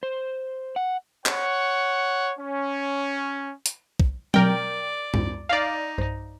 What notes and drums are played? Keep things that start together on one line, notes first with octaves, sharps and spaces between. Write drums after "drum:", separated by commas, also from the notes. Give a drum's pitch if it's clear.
C5
F#5
C#5 F#5, drum: clap
C#4
drum: hi-hat
drum: kick
B2 F#3 C4 A#4 D5 G5, drum: tom F#3
C#2 F#2 G#3, drum: tom
D#4 D5 F5
B1 G2 C5